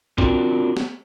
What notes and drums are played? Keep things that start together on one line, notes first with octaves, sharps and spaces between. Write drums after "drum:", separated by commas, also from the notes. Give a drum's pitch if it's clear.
C4 D4 F4 F#4 A#4, drum: kick
drum: snare